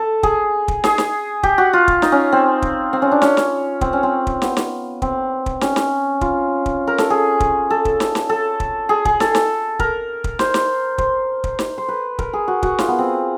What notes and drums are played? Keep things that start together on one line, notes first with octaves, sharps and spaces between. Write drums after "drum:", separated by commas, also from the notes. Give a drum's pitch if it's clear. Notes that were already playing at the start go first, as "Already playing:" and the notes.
Already playing: A4
G#4, drum: kick
drum: kick
G#4, drum: snare
drum: snare
G4, drum: kick
F#4
F4
drum: kick
D#4, drum: snare
C#4
C4
drum: kick
C4
C#4
D4
C#4, drum: snare
drum: snare
C4, drum: kick
C#4
C4
drum: kick
B3, drum: snare
drum: snare
C4, drum: kick
drum: kick
C#4, drum: snare
drum: snare
F4, drum: kick
drum: kick
A#4
A4, drum: snare
G#4
drum: kick
A4
drum: kick
drum: snare
drum: snare
A4
drum: kick
G#4
G#4, drum: kick
A4, drum: snare
drum: snare
A#4, drum: kick
drum: kick
C5, drum: snare
drum: snare
C5, drum: kick
drum: kick
drum: snare
C5
B4
A#4, drum: kick
G#4
F#4
F#4, drum: kick
F4, drum: snare
B3
C4